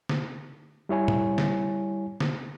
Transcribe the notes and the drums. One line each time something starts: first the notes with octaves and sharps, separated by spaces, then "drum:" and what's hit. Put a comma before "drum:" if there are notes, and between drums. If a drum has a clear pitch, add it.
drum: snare
G3 E4 C#5 G#5
drum: tom A2
drum: snare
drum: snare